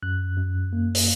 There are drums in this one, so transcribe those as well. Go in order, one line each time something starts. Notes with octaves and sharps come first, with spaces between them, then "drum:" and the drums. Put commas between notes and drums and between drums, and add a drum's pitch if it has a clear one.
F#2 F#6
F#2
A#3
drum: open hi-hat